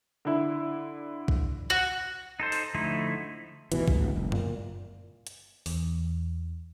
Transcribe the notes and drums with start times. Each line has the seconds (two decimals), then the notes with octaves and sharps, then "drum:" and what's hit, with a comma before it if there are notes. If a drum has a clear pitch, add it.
0.25 D3 E4
1.28 drum: kick
1.70 F#4
2.40 D#4 A4 C5
2.52 drum: open hi-hat
2.74 D3 F3 A3 D#4 E4
3.72 D#2 B2 E3, drum: hi-hat
3.88 G#1 D2, drum: kick
4.16 F#1
4.32 A#2, drum: tom F#2
5.27 drum: hi-hat
5.66 E2, drum: open hi-hat